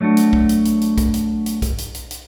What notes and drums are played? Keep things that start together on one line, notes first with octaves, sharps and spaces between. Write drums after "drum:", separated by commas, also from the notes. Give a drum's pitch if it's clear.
F#3 A3 D4 F#4
drum: hi-hat
drum: kick B1
drum: hi-hat
drum: hi-hat
drum: hi-hat
drum: kick B1, hi-hat
drum: hi-hat
drum: hi-hat
drum: kick B1, hi-hat
drum: hi-hat
drum: hi-hat
drum: hi-hat